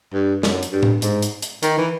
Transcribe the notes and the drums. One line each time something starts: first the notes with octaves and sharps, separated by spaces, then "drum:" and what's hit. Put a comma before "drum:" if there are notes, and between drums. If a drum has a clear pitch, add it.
G2
F#2, drum: snare
drum: hi-hat
G2
drum: tom A2
G#2, drum: hi-hat
drum: hi-hat
drum: hi-hat
D#3, drum: hi-hat
E3